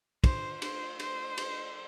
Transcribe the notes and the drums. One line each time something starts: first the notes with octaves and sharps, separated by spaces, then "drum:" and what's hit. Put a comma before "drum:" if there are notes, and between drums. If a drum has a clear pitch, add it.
C5, drum: kick, cymbal
C5, drum: cymbal
C5, drum: cymbal
drum: cymbal